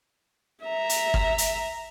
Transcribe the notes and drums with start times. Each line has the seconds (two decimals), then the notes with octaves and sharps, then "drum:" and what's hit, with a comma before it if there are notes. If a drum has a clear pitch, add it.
0.65 E5 A#5
0.89 drum: hi-hat
1.14 drum: kick
1.38 drum: hi-hat